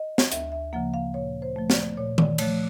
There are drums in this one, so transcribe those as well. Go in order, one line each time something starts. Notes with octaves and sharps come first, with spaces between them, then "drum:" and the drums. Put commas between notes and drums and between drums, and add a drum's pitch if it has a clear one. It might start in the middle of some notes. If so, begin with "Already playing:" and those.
Already playing: D#5
drum: snare
D2 E5, drum: hi-hat
E5
C#3 F3 A#3 F#5
F5
A#2 C#5
C5
F3 A3
D5, drum: snare
A#2 C#5
D5, drum: tom D#3
F3 A3 C#5, drum: cymbal